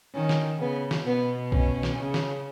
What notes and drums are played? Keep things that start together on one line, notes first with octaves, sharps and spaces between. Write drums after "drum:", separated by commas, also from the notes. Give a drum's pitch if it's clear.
D#3 C#4
drum: snare
C#3 B3
drum: snare
B2 B3
C#4, drum: kick B1
drum: snare
C#3
drum: snare